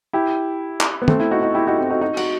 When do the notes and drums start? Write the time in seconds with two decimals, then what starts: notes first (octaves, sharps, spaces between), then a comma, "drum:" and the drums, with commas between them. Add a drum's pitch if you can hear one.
0.13 E4 G4
0.80 drum: clap
1.02 B3
1.08 A3 C4, drum: tom
1.20 C4 E4
1.31 D#4 F#4
1.43 D#4 F#4
1.54 E4 G4
1.67 D#4 F#4
1.78 C4 E4
1.90 D#4 F#4
2.01 D#4 F#4
2.17 D#4 F#4, drum: cymbal